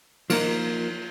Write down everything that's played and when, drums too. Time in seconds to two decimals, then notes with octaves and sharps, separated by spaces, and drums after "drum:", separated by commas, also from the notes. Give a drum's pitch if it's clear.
0.30 F3 A#3 D#4 A#4, drum: cymbal